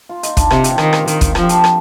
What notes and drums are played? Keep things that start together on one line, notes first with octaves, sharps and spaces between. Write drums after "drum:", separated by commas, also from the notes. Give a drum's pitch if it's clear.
F4
D#4, drum: hi-hat
D4, drum: kick, hi-hat
C3 C4, drum: rim click
G4, drum: hi-hat
D#3 A#4, drum: rim click
drum: rim click
D#3, drum: hi-hat
drum: kick, hi-hat
F3 A#4, drum: rim click
G4
A4, drum: hi-hat
drum: rim click